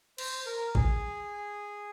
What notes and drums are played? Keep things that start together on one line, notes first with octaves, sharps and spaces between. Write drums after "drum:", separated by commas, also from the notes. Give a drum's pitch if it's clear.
C5, drum: cymbal
A#4
G#4, drum: kick